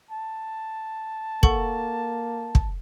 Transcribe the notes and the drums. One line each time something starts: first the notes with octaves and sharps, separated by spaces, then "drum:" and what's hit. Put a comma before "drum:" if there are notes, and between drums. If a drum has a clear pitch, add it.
A5
A#3 A4 F#5 C#6, drum: kick
drum: kick